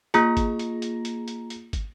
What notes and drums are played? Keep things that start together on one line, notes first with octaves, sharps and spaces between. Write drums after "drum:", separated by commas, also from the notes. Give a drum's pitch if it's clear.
A#3 F4 G#4 A#5, drum: hi-hat
drum: kick, hi-hat
drum: hi-hat
drum: hi-hat
drum: hi-hat
drum: hi-hat
drum: hi-hat
drum: kick, hi-hat